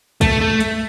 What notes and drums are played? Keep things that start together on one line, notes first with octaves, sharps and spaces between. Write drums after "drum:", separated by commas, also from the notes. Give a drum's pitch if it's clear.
A3, drum: kick, hi-hat
A3
drum: hi-hat